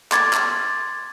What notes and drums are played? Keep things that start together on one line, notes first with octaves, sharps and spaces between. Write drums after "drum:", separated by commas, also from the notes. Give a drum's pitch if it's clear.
C6 D6 G#6 A6, drum: clap
drum: clap